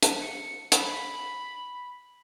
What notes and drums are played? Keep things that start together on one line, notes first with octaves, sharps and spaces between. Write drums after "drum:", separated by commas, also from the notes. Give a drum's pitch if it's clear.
drum: hi-hat
C#7
B5, drum: hi-hat